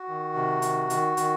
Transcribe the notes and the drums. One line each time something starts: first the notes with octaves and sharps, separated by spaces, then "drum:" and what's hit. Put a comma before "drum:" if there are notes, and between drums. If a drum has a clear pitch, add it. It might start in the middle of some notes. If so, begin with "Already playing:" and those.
Already playing: F#4
D#3
C3
D#3, drum: hi-hat
D#3, drum: hi-hat
D#3, drum: hi-hat